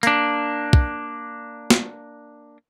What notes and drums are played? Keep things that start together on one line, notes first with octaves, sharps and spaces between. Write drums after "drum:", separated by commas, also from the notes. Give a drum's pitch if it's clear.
A#3 D4, drum: hi-hat
drum: kick
drum: snare